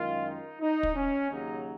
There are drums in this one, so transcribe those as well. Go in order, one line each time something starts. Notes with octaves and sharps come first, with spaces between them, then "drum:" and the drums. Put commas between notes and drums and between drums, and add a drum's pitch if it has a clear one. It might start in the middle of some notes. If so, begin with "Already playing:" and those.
Already playing: F#2 D#3 G#3 F4
D#4
D#4
drum: kick
C#4
D#2 C#3 F#3 D#4